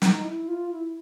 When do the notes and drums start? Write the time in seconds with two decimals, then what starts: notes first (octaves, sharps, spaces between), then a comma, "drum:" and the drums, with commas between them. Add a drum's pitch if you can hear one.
0.02 D#4, drum: snare
0.24 E4
0.48 F4
0.71 E4